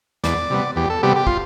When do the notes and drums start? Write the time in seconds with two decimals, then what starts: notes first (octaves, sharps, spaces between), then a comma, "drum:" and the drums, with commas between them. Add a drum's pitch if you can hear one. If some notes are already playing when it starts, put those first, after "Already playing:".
0.24 E2 D5, drum: snare
0.50 C3 G3 B3
0.76 E2 G4
0.90 A4
1.03 C3 G3 B3 G4
1.16 G4
1.27 F4, drum: kick